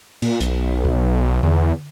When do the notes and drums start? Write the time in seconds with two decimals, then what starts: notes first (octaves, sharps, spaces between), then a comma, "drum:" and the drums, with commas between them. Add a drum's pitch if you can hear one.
0.22 A#2, drum: cymbal
0.40 B1, drum: hi-hat
0.85 drum: kick B1
1.43 E2, drum: tom D3